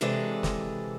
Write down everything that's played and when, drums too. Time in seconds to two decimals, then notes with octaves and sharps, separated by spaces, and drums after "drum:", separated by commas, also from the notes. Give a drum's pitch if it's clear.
0.01 C3 E3 G#3 D4 A4 B4
0.43 drum: snare